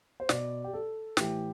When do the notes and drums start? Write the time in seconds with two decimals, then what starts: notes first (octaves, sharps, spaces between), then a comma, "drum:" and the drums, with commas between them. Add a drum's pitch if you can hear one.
0.20 C5
0.29 B2 D5, drum: snare
0.64 G4
0.73 A4
1.17 A2 E3 G4, drum: snare